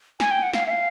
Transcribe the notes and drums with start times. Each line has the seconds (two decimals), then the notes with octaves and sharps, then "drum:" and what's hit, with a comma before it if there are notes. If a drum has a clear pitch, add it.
0.20 G#5, drum: snare
0.31 G5
0.43 F#5
0.53 F5, drum: snare
0.67 E5
0.70 F5